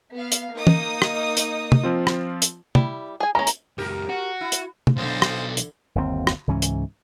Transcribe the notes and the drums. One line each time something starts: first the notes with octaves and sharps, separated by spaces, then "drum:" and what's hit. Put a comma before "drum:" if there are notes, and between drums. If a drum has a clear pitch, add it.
B3 F5
drum: hi-hat
A#3 D#4 D#6
drum: tom
drum: rim click
drum: hi-hat
drum: tom
F3 C4 F4
drum: rim click
drum: hi-hat
G3 E4, drum: tom
G#4 G#5
G#3 C#4 A#5
drum: hi-hat
C#2 F#2 G4 A#4
F#4
E4
drum: hi-hat
drum: tom
B1 D3 E4 C5 D#5 F5
drum: rim click
drum: hi-hat
G1 D#2 A#2 C4
drum: rim click
C#2 G#2 E3 C#4
drum: hi-hat